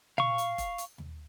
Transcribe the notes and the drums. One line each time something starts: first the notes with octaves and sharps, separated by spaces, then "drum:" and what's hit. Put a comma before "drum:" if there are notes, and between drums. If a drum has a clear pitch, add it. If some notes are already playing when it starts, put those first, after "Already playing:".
F5 C#6, drum: tom A#2
drum: hi-hat
drum: kick E1, hi-hat
drum: hi-hat
drum: tom D#2